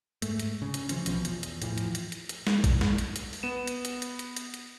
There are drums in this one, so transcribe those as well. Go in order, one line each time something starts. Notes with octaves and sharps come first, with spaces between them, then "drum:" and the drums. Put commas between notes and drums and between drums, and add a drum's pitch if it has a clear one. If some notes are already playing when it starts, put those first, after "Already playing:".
G#2 A3, drum: hi-hat
drum: hi-hat
C#3
drum: hi-hat
E3 F3 C#4, drum: hi-hat
B1 B2 F3, drum: hi-hat
E2, drum: hi-hat
drum: hi-hat
A2 E3 F3, drum: hi-hat
drum: hi-hat
drum: hi-hat
drum: hi-hat
drum: hi-hat
drum: snare
drum: kick, hi-hat
drum: snare
drum: hi-hat
drum: hi-hat
drum: open hi-hat
B3 D#7 E7
drum: hi-hat
drum: hi-hat
drum: hi-hat
drum: hi-hat
drum: hi-hat
drum: hi-hat